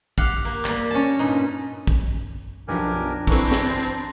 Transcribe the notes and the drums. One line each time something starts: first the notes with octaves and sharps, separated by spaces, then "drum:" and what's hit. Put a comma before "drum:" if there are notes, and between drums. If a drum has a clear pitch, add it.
G4 F5 F#5, drum: kick
A#3
G3 A#3, drum: clap
C#4 A5
G2 A#2 D#4
drum: kick
B1 F#2 F3 D4 G4 A#4 G#5
E3 C4 A#5 C#6, drum: kick
drum: snare
A5 C6